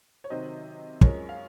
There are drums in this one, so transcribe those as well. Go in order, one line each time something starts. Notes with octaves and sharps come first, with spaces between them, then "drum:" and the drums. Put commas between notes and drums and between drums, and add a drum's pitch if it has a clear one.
C#5
C3 D#3 F#3 C5 D#5
F#2 F3 G#3 A#4 C#5, drum: kick
F5